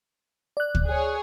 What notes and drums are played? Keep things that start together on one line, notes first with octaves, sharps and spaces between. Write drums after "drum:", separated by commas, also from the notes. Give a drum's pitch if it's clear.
D5 F#6
drum: kick
G#4 C#5